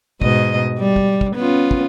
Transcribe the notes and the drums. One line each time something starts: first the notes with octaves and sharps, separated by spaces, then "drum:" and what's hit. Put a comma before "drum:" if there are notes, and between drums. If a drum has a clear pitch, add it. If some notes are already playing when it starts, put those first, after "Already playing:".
G#2 B2 D#5, drum: kick
G3
drum: kick
drum: kick
B3 C#4 F4
drum: kick